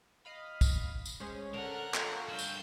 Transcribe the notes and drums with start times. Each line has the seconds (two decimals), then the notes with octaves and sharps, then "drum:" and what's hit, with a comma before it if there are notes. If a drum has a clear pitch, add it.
0.25 D#5 F5 B5
0.61 drum: kick, tambourine
1.05 drum: tambourine
1.20 G#3 C#4 C5
1.54 D3 A4 A#4 F#5
1.94 F4 C#5 A#6, drum: clap
2.29 G2 F#4 E6 G6
2.39 drum: tambourine